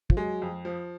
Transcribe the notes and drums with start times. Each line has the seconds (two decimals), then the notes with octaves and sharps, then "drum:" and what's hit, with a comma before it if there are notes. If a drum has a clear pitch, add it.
0.10 F3, drum: kick
0.17 F#3 G#3
0.42 F2
0.65 F3